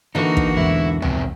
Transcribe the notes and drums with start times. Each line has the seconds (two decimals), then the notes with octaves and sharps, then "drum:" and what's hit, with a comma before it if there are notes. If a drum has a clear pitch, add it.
0.15 D3 E3 A#3 D#4 F#4
0.37 drum: kick
0.57 B1 E2 G#2 E4
1.02 F2 C3 B3, drum: tom C2